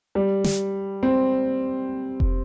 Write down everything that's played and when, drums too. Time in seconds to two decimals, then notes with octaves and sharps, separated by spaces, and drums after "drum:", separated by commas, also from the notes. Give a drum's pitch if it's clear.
0.15 G3
0.44 drum: snare
1.03 C4
2.20 drum: kick F1